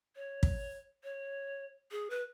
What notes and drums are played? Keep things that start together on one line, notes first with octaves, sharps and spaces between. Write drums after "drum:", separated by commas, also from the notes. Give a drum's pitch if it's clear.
C#5
drum: kick
C#5
G#4
B4